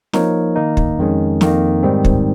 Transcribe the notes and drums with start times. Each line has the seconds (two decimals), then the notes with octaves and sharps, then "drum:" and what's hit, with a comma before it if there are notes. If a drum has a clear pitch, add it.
0.13 F3 A#3 D#4 A#4 C#5, drum: snare
0.56 D#3 A#3 D#4
0.77 drum: kick
0.98 F2 D#3 G#3 C#4
1.41 F2 D#3 A#3, drum: snare
1.83 G#2 D#3 G3 C4
2.05 drum: kick